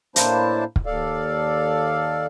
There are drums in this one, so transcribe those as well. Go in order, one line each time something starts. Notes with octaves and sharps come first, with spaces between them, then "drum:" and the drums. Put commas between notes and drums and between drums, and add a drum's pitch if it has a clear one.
A2 A#3 D4 E4 C5 A5, drum: hi-hat
drum: kick
D#2 A4 D5 F5